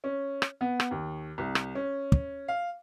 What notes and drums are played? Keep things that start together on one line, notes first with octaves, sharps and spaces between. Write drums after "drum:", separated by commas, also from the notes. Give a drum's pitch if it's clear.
C#4
drum: rim click
B3
drum: rim click
D#2
C2
drum: rim click
C#4
drum: kick
F5